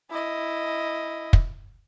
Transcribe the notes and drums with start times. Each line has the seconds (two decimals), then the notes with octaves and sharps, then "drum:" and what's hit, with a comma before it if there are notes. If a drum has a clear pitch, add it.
0.11 E4 D#5
1.33 drum: kick